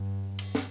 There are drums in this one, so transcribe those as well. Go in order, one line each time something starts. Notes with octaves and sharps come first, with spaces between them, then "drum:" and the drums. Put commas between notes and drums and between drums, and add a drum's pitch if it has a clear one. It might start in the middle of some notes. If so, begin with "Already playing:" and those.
Already playing: G2
drum: cymbal
drum: snare